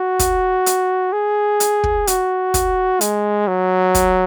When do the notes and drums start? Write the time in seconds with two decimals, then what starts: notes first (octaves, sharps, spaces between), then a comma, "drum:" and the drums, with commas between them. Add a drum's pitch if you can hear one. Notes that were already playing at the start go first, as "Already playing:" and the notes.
Already playing: F#4
0.19 drum: kick, hi-hat
0.66 drum: hi-hat
1.13 G#4
1.60 drum: hi-hat
1.84 drum: kick
2.07 F#4, drum: hi-hat
2.54 drum: kick, hi-hat
3.01 G#3, drum: hi-hat
3.48 F#3
3.95 drum: kick, hi-hat